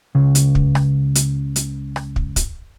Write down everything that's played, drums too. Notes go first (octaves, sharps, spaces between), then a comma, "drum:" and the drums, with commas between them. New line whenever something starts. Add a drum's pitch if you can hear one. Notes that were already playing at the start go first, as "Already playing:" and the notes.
C#2 C#3
drum: hi-hat
drum: kick
drum: rim click
drum: hi-hat
drum: hi-hat
drum: rim click
drum: kick
drum: kick, hi-hat